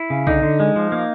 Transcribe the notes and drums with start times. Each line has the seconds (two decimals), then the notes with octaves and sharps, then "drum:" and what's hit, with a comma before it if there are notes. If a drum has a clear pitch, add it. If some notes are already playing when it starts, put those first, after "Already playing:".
Already playing: E4
0.10 C#3
0.27 D3 D#4, drum: kick B1
0.43 D3
0.60 G#3
0.76 F3
0.92 A#3